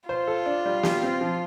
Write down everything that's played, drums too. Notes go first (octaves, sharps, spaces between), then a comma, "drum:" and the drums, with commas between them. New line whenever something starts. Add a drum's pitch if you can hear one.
F4 C5
A4
D4
G3
G4, drum: snare
C4
F3